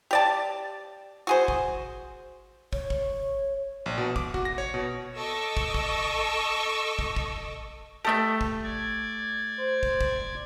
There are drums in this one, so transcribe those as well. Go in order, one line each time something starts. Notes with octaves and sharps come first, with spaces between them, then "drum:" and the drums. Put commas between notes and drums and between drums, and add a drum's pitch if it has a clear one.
G4 D5 A5
F#4 G#4 C5
drum: kick
C#5, drum: kick
drum: kick
A#1
B2
D6, drum: kick
F#4, drum: kick
A#6
C#5
B2
A4 D#5 C#6 D6 E6
drum: kick
drum: kick
drum: kick
drum: kick
A3 G4 A4 D#5 E5
drum: kick
D5 G#6
C5
drum: kick
drum: kick